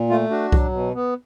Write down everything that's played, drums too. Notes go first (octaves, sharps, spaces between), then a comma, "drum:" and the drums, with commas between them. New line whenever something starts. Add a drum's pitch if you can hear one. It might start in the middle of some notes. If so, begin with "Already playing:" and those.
Already playing: A#2
A3 F4
D4 F#4
F#3, drum: kick C2
B2
B3